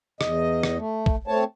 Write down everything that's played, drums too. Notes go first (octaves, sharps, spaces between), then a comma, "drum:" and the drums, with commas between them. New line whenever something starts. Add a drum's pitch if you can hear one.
E2 D#5, drum: rim click
drum: rim click
A3
drum: kick
A3 C4 C#5 A5